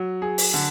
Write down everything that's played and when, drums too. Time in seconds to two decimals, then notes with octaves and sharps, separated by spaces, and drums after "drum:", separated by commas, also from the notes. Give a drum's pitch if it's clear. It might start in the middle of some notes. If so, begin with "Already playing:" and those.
Already playing: F#3
0.22 G#4
0.38 drum: open hi-hat
0.54 D3